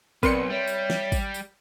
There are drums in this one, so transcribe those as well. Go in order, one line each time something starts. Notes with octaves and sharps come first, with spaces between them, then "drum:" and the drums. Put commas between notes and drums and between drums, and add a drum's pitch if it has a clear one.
B1 C4 A#4 B4 D5 C6 C#7, drum: kick G#1, tambourine
G3 C#5 E5
drum: tambourine
drum: snare
drum: kick G#1, tambourine
drum: tambourine